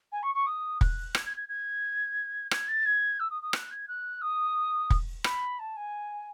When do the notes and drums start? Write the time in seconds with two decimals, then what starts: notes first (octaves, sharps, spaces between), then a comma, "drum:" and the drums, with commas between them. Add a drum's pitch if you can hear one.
0.12 G#5
0.23 C#6
0.35 C#6
0.47 D#6
0.81 F#6, drum: kick
1.15 G#6, drum: rim click
1.26 G#6
1.37 G#6
1.49 G#6
2.51 G#6, drum: rim click
2.68 A6
2.86 G#6
3.20 E6
3.30 D#6
3.42 D#6
3.53 F#6, drum: rim click
3.71 G#6
3.88 F#6
4.22 D#6
4.90 drum: kick
5.24 B5, drum: rim click
5.59 A5
5.76 G#5